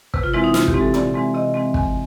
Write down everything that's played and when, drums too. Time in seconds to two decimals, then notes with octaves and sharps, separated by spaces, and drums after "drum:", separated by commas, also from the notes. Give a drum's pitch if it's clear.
0.14 C3 B4, drum: kick
0.23 F4
0.34 E3 G#3 C4 E4
0.44 D#4
0.54 C3 F4, drum: snare
0.68 G4, drum: kick
0.74 E3 G#3 C4
0.81 A4
0.94 C3 D5, drum: tom
1.14 E3 G#3 C4
1.34 C3 D#5
1.54 E3 G#3 C4
1.74 E2, drum: kick